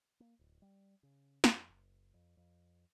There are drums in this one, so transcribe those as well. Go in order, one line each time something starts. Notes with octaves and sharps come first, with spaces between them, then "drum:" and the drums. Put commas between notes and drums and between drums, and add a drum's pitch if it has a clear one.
A#3
D1
G3
C#3
F2, drum: snare
F#1
F2
F2